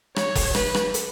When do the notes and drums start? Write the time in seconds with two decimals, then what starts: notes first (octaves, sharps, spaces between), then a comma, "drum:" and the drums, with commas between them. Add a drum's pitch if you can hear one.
0.16 C#5, drum: rim click
0.35 drum: kick F#1, open hi-hat
0.55 B4, drum: rim click
0.74 drum: rim click
0.94 drum: hi-hat